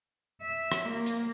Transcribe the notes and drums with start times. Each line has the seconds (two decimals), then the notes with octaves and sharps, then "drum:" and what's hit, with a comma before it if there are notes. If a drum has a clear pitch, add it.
0.42 E5
0.72 drum: rim click
0.89 A#3
1.06 drum: hi-hat